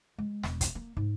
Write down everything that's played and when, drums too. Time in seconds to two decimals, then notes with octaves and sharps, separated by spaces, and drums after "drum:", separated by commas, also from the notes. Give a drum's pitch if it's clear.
0.18 G#3
0.43 E1, drum: snare
0.61 drum: kick, hi-hat
0.75 A#3
0.97 G#2